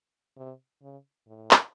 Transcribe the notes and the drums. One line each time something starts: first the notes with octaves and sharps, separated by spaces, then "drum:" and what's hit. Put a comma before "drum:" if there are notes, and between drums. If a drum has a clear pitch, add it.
C3
C#3
A2
drum: clap